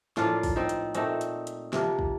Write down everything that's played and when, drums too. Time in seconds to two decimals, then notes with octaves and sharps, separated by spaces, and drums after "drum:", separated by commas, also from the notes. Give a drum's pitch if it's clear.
0.17 A2 F3 A#3 D4 F4, drum: snare
0.43 drum: kick, open hi-hat
0.56 C4 D#4
0.69 drum: hi-hat
0.95 A#2 A3 C4 D#4, drum: hi-hat
1.21 drum: hi-hat
1.47 drum: hi-hat
1.73 C3 F3 A#3, drum: snare
1.99 drum: kick